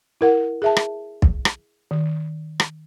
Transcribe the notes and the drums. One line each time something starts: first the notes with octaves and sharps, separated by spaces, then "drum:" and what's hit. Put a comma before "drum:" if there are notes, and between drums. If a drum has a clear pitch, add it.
E4 A#4 F#5
G#4 E5 A5
drum: rim click
drum: kick
drum: rim click
D#3
drum: rim click